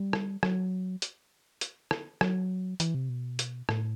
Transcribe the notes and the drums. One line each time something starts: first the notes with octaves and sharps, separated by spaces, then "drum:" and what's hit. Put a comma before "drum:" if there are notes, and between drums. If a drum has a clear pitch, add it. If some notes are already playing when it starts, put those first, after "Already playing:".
Already playing: G3
drum: rim click
F#3, drum: rim click
drum: hi-hat
drum: hi-hat
drum: rim click
F#3, drum: rim click
E3, drum: hi-hat
C3
B2
drum: hi-hat
A2, drum: rim click